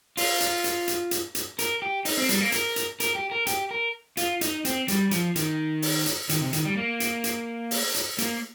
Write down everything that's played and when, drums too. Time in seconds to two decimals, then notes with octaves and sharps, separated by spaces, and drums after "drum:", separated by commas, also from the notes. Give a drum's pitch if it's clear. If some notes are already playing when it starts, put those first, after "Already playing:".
0.17 F4, drum: open hi-hat
0.40 drum: hi-hat
0.64 drum: hi-hat
0.88 drum: hi-hat
1.11 drum: hi-hat
1.35 drum: hi-hat
1.59 A#4, drum: hi-hat
1.82 G4
2.05 D#4, drum: open hi-hat
2.17 C4
2.29 G3, drum: hi-hat
2.41 A#3
2.52 A#4, drum: hi-hat
2.76 drum: hi-hat
3.00 A#4, drum: hi-hat
3.15 G4
3.32 A#4
3.47 G4, drum: hi-hat
3.71 A#4
4.17 F4, drum: hi-hat
4.41 D#4, drum: hi-hat
4.65 C4, drum: hi-hat
4.88 G3, drum: hi-hat
5.11 F3, drum: hi-hat
5.36 D#3, drum: hi-hat
5.82 drum: open hi-hat
6.06 drum: hi-hat
6.29 D#3, drum: hi-hat
6.41 C3
6.53 D#3, drum: hi-hat
6.65 G3
6.77 A#3
7.00 drum: hi-hat
7.24 drum: hi-hat
7.71 drum: open hi-hat
7.94 drum: hi-hat
8.18 A#3, drum: hi-hat